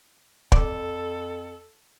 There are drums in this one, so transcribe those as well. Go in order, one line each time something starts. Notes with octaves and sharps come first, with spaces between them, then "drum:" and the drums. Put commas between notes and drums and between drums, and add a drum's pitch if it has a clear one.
F2 A4 D5, drum: kick